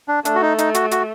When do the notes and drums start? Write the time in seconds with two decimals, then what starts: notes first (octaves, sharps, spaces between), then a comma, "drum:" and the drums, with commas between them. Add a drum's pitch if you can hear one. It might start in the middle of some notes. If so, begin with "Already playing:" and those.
0.08 D4
0.25 A3 D4, drum: hi-hat
0.35 F#4
0.42 D#4
0.58 D#4, drum: hi-hat
0.74 F#4, drum: hi-hat
0.91 F#4, drum: hi-hat